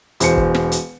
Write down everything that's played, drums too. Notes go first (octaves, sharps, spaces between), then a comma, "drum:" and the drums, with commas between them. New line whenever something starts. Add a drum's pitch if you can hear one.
E1 C5 C#7, drum: hi-hat
drum: kick
drum: snare
drum: hi-hat